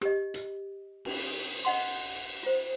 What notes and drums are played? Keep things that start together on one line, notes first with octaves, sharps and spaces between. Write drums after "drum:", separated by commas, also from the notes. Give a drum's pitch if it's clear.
G4 D#5, drum: rim click
drum: hi-hat
drum: cymbal
D#5 F#5 C6
F4 C5